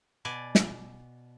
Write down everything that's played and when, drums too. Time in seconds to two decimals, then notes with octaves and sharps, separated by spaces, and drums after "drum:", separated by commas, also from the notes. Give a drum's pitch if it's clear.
0.25 B2 D5 G#5
0.55 drum: snare